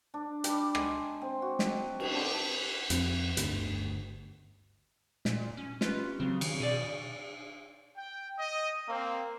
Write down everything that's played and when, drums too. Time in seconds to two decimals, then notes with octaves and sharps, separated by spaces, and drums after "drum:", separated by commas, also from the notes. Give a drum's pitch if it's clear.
0.14 D4
0.44 G3, drum: hi-hat
0.75 G#3, drum: rim click
1.22 C4
1.42 F#4
1.59 D#5, drum: snare
2.00 drum: cymbal
2.14 D3
2.90 F2 C4, drum: hi-hat
3.37 G1 D2, drum: hi-hat
5.25 A#2, drum: snare
5.57 C#4
5.81 C#4 F4 G4 B4, drum: snare
6.20 C#3 F#3 C4
6.41 D#3, drum: cymbal
6.60 B2 G#4 D5
7.96 G5
8.38 D#5
8.89 A#3 C4